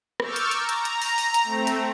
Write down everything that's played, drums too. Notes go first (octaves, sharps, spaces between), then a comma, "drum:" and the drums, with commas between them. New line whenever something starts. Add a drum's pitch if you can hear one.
C#6 D6 E6 F6 G6 A6, drum: rim click
drum: hi-hat
A#5, drum: hi-hat
drum: hi-hat
drum: hi-hat
drum: open hi-hat
drum: open hi-hat
drum: hi-hat
A3 C4
drum: hi-hat